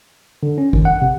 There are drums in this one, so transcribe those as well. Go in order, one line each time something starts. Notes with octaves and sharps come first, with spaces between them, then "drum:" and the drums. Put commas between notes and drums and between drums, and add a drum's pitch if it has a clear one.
D3
C#4
D#3, drum: kick G#1
F#5
C3